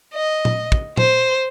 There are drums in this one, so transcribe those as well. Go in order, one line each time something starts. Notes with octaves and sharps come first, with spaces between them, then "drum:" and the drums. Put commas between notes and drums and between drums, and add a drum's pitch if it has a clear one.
D#5
drum: tom A#2
drum: kick
C5, drum: tom A#2